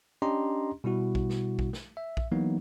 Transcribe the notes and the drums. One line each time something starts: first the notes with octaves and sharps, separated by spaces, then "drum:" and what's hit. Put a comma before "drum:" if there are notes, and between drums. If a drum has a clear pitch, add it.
C#4 D4 G4 D#5 A#5 C6
B2 G3 E4 F#4
drum: kick A#1
drum: snare
drum: kick A#1
drum: snare
E5
drum: kick A#1
E3 F#3 A#3 B3 D#4